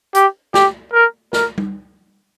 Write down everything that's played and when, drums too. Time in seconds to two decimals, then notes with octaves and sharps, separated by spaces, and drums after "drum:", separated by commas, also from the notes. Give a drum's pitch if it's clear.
0.15 G4, drum: hi-hat
0.54 G4, drum: snare
0.93 A#4
1.33 A#4, drum: snare
1.58 drum: tom G3